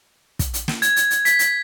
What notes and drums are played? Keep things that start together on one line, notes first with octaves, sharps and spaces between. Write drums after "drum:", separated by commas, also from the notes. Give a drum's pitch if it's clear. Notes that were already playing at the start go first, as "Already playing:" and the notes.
drum: kick, hi-hat
drum: hi-hat
drum: snare
G#6, drum: hi-hat
drum: hi-hat
drum: hi-hat
B6, drum: hi-hat
drum: hi-hat